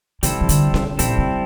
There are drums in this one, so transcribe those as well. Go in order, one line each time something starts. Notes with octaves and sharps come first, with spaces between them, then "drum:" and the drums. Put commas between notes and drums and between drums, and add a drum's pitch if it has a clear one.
C3 G3 C4 E4 A4, drum: hi-hat
E3
D3, drum: hi-hat
C3, drum: snare C#4
A#2 G3 C4 E4 A4, drum: hi-hat
C3